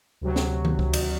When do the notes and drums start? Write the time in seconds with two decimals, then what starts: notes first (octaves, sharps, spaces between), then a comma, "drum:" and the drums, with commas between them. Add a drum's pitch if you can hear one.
0.21 D2 C3 F#3
0.36 drum: snare
0.65 drum: tom D#3
0.79 drum: kick C#2
0.93 drum: cymbal